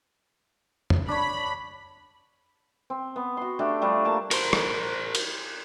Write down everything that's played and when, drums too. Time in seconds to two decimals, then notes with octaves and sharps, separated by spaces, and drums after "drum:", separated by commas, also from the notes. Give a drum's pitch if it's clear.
0.90 drum: tom F2
1.08 D4 C#5 B5
2.90 C4
3.16 B3
3.37 F#4 C6
3.59 A3 D4 G4
3.81 F3 G3 A3 D4
4.05 A#3 A5 C#6
4.31 A#4 C5, drum: cymbal
4.53 drum: rim click
5.15 drum: cymbal